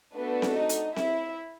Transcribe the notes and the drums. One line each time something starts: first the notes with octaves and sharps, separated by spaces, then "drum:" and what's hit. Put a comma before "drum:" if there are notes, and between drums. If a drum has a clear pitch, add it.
A3 B3 D4 F#4 A4 B4
drum: snare C4
D#4 D#5
drum: hi-hat
E4 E5, drum: snare C4